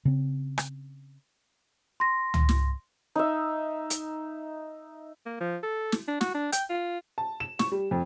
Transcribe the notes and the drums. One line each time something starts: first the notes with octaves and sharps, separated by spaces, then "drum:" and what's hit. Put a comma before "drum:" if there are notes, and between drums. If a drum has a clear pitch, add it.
C#3 C4
drum: rim click
C6 A#6
drum: tom C#2
drum: snare
D#4 E5
drum: hi-hat
A#3
F3
A4
drum: snare
D4
F#4, drum: snare
D4
G5, drum: hi-hat
F4
A5
E7
C#6, drum: snare
G3
F2